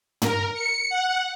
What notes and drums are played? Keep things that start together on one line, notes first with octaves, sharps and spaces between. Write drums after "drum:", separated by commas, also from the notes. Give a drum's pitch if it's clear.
A#4, drum: tom
C#7
F#5